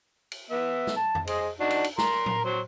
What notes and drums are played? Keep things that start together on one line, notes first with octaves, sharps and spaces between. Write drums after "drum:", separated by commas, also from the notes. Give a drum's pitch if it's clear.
drum: cymbal
B3 E5
drum: snare
A5
drum: tom F2
G#4 C5 D#5, drum: cymbal
D4 D#4 F#4
drum: cymbal
drum: cymbal
A#4 A#5 C6, drum: snare
drum: tom A2
F#3 C5